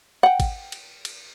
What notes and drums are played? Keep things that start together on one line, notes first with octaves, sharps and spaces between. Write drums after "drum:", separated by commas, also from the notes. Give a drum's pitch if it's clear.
F#5 G5
drum: kick G#1, cymbal
drum: cymbal
drum: cymbal